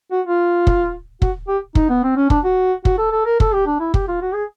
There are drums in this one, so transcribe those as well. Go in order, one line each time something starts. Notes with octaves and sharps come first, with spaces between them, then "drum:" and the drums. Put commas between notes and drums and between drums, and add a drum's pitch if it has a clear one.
F#4
F4
drum: kick
F#4, drum: kick
G4
D#4, drum: kick
B3
C4
C#4
D4, drum: kick
F#4
F#4, drum: kick
A4
A4
A#4
A4, drum: kick
G4
D4
E4
G4, drum: kick
F4
F#4
G#4